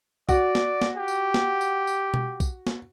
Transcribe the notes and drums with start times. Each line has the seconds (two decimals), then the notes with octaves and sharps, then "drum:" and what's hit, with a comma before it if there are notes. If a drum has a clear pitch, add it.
0.29 F#4 D5, drum: kick, tambourine
0.55 drum: snare
0.82 drum: snare
0.96 G4
1.08 drum: tambourine
1.34 drum: snare
1.61 drum: tambourine
1.87 drum: tambourine
2.14 drum: tom B2
2.40 drum: kick, tambourine
2.67 drum: snare